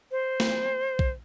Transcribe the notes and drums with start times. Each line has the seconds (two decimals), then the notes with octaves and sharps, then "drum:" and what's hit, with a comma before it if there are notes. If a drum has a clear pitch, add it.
0.11 C5
0.40 drum: snare
0.99 drum: kick B1